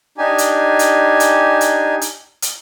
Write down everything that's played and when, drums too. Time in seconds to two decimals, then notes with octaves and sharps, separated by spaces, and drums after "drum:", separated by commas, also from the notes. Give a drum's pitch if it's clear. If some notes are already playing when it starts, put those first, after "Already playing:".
0.18 D4 D#4 G4 G#5
0.38 drum: hi-hat
0.79 drum: hi-hat
1.20 drum: hi-hat
1.61 drum: hi-hat
2.01 drum: hi-hat
2.42 drum: hi-hat